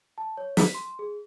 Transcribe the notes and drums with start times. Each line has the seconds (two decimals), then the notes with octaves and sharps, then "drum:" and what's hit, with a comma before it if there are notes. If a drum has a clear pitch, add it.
0.18 A5
0.37 C#5
0.57 B6, drum: snare
0.75 C6
0.99 G#4